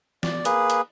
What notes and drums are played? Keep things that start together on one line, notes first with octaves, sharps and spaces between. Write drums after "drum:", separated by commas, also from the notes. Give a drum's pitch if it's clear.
D5, drum: snare
A#3 G#4 B4, drum: hi-hat
drum: hi-hat